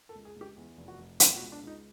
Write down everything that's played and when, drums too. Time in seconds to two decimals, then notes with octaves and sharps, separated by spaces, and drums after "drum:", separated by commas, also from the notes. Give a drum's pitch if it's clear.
0.09 A4
0.15 C#2
0.25 G#4
0.36 C#2 G4
0.56 E2
0.78 F1
0.88 F#4
0.99 F1
1.20 B2, drum: hi-hat
1.36 F#4
1.42 C#2
1.52 D4
1.63 C#2 D#4